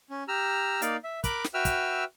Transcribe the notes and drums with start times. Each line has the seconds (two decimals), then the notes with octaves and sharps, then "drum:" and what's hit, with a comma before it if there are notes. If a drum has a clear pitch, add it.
0.10 C#4
0.28 G4 A#5 E6 F6
0.82 A#3 D#4 D5 F5, drum: hi-hat
1.04 E5
1.24 A#4 B5 D6 F#6, drum: kick, hi-hat
1.44 drum: snare
1.54 F#4 B4 E5 G5 E6 F6
1.65 drum: kick, hi-hat